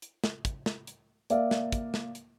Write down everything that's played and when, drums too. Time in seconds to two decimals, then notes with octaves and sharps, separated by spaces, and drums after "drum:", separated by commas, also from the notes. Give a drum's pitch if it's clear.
0.02 drum: hi-hat
0.24 drum: snare
0.45 drum: kick, hi-hat
0.66 drum: snare
0.87 drum: hi-hat
1.30 A#3 D5 E5 F5, drum: hi-hat
1.51 drum: snare
1.72 drum: kick, hi-hat
1.94 drum: snare
2.15 drum: hi-hat